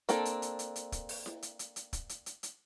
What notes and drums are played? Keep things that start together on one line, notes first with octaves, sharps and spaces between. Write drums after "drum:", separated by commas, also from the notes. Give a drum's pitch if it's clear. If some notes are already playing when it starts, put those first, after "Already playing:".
A#3 C4 D4 A4, drum: hi-hat
drum: hi-hat
drum: hi-hat
drum: hi-hat
drum: hi-hat
drum: kick, hi-hat
drum: open hi-hat
drum: snare E4
drum: hi-hat
drum: hi-hat
drum: hi-hat
drum: kick, hi-hat
drum: hi-hat
drum: hi-hat
drum: hi-hat